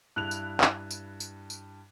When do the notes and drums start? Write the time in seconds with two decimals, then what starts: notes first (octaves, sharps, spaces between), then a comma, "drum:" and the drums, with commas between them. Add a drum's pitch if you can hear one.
0.16 G2 E4 F#6 F7
0.31 drum: tambourine
0.61 drum: clap
0.91 drum: tambourine
1.20 drum: tambourine
1.50 drum: tambourine